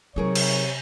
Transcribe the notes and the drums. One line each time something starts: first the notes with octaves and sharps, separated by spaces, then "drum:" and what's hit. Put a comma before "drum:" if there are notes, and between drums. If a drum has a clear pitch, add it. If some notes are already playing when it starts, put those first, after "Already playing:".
C3 F#3 D#4 G#4 A#4 C#5
drum: cymbal